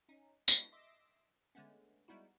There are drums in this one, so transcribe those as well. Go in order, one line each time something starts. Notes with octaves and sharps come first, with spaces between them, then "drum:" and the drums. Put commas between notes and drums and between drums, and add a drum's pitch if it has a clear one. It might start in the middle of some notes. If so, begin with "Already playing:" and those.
C#4 D#4
G#3 B3 D4 E4 F#4, drum: tambourine
D#5 E5 C6 D6 E6 A#6
D3 G#3 A3 B3 C#4
G3 G#3 B3 D#4 E4 F#4